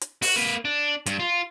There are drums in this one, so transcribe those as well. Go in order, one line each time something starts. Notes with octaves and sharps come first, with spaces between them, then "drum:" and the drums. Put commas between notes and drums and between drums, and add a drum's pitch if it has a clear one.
drum: hi-hat
F#4, drum: open hi-hat
A#3 B4
D4
G2, drum: hi-hat
F4